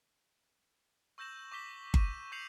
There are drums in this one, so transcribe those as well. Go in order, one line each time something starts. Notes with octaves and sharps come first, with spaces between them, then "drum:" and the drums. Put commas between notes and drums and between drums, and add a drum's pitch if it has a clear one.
C#6 E6 G6 A#6 E7 F#7
C#6 D6 B6 G7
C#6 D#7 E7, drum: kick G1
C#6 G6 C7 C#7 F7 F#7